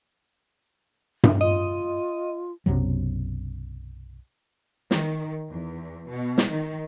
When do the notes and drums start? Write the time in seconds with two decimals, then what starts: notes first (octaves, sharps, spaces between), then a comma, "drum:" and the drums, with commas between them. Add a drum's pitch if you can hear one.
1.23 drum: tom G2
1.41 F4 D#5
2.66 B1 F#2 C3 F#3
4.91 D#3, drum: snare
5.49 E2
6.09 B2
6.38 drum: snare
6.49 D#3